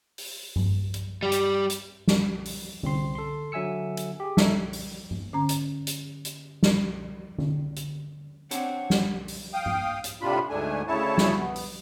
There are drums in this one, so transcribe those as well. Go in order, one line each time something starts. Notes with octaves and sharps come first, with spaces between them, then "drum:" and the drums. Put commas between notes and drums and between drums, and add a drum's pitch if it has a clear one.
drum: open hi-hat
drum: tom G2
drum: hi-hat
G3 G4
drum: hi-hat
drum: hi-hat
drum: snare
drum: open hi-hat
C2 C4 C6, drum: tom D3
A4 C6
D3 F#3 E5 G#5 E6 C#7
drum: hi-hat
G4 G#4
D#4 A4 C#5 E5, drum: snare
drum: open hi-hat
drum: tom G#2
D3 C#4 A#5
drum: hi-hat
drum: hi-hat
drum: hi-hat
drum: snare
drum: tom D3
drum: hi-hat
C4 D4 C#5 F#5, drum: hi-hat
drum: snare
drum: open hi-hat
F5 G5 D#6
drum: tom G#2
drum: hi-hat
A2 C3 D4 F4 B5
D2 G#2 A3 D4 G#5
D2 C#3 E4 C#5 A5
drum: snare
B3
drum: open hi-hat